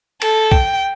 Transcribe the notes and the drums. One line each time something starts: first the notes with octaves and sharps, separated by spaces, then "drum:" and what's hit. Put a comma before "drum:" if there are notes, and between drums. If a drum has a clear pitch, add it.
A4, drum: cymbal
G5, drum: kick